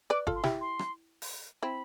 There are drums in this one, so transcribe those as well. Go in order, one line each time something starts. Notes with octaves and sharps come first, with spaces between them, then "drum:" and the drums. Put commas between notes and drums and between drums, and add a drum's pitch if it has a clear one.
B4 D5 D6
F4 A4, drum: kick G1
C6
E4 G4, drum: snare
C6
drum: rim click
drum: open hi-hat
C4 E4 B5